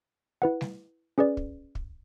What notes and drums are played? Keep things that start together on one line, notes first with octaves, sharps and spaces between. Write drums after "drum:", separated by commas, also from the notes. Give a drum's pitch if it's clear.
E4 B4 F#5
drum: snare G3
C#4 G#4 B4 D5
drum: kick
drum: kick